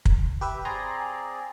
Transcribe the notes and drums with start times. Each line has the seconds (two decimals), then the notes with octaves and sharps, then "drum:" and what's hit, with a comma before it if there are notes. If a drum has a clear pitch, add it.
0.05 drum: kick
0.41 G4 B4 E5
0.65 C4 G#4 D5 G#5 A#5 C6